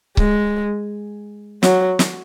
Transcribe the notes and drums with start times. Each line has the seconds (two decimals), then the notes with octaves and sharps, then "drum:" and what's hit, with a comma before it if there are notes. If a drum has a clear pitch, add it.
0.17 G#3, drum: kick C#1
1.63 F#3, drum: snare
1.99 drum: snare